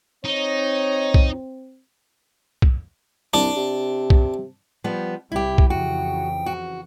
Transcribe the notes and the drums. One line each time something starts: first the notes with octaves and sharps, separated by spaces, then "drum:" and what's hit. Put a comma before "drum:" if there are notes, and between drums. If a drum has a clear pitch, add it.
C4 D#4 C#5
drum: kick
drum: kick
C2 D4
C3
drum: kick
F3 G3 B3
C2 G3 E4 G4
drum: kick
F2 C#3 E3 F#4 G5
F#4